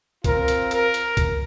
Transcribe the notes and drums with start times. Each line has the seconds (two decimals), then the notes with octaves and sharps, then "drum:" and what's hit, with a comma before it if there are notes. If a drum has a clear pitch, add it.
0.24 C4 F4 A#4, drum: kick C2, hi-hat
0.48 drum: hi-hat
0.71 A#4, drum: hi-hat
0.94 drum: hi-hat
1.17 drum: kick C2, hi-hat